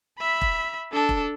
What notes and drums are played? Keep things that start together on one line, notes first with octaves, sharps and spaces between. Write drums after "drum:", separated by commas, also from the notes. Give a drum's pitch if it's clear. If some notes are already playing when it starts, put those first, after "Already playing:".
E5 B5
drum: kick E1
D4 A4
drum: kick E1